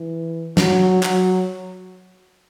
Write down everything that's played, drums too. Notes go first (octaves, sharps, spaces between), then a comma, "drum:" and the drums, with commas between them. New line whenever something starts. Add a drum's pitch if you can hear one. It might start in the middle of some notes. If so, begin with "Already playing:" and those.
Already playing: E3
F#3, drum: snare
F#3, drum: clap